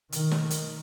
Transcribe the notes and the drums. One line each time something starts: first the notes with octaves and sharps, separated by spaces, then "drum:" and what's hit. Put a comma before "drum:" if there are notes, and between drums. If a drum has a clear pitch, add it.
D#3, drum: hi-hat
drum: snare
drum: hi-hat